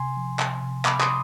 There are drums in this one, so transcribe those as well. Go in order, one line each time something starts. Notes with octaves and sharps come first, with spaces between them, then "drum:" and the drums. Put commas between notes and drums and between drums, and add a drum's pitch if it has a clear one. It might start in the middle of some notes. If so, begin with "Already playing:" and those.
Already playing: C3 G#5 C6
F3
C3, drum: clap
C3
C3 B5 D6, drum: clap
C6 D#6, drum: clap